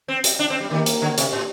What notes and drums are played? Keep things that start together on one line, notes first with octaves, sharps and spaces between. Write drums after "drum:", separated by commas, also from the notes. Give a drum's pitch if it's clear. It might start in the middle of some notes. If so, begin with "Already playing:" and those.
C4
drum: hi-hat
D4
C4
G3
D#3 A#3
drum: hi-hat
D3
C3, drum: hi-hat
A2